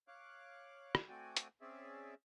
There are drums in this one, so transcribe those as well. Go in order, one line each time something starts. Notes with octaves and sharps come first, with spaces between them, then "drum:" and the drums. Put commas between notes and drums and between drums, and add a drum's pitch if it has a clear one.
C#5 F5 D6 F#6
drum: rim click
A3 C4 F#4 D5 G5 G#5
drum: hi-hat
C4 C#4 G#4 D5 E5